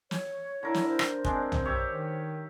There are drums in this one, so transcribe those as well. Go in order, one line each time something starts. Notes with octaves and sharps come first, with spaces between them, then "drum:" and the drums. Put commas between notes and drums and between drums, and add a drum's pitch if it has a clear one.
C#5, drum: snare
D3 E4 A#4
drum: snare
C5
drum: rim click
G#3 C4 D4, drum: kick
drum: tom
G4 C#5 E5
D#3